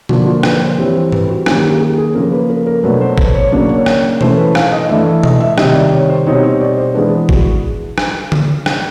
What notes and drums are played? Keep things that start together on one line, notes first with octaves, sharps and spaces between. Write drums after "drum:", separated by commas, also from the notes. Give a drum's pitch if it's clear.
D3 F3 A#3 D4 F#4, drum: tom B2
F4
B4, drum: rim click
C5
E3 G3 C4 C#5
C5
B4, drum: tom G2
F#4
D#3 F#3 A#3 C#4 G4, drum: rim click
G4
G#4
G4
G#4
C#3 F3 A#3 A#4
B4
A#4
A#4
B2 F#3 A3 D4 B4
C5
B4, drum: kick
C#5
C#3 F#3 A#3 D4 C#5
C#5
drum: rim click
E3 A3 C#4 C5, drum: tom B2
B4
F5, drum: rim click
D#5
E3 A3 D4 E5
D#5, drum: tom B2
E5
C3 D#3 G3 D#5, drum: rim click
D5
C#5
C5
B2 G3 C4 D#4 C#5
C#5
D5
C5
E3 G#3 B3 D4 B4
F#4, drum: kick
drum: rim click
drum: tom D3
drum: rim click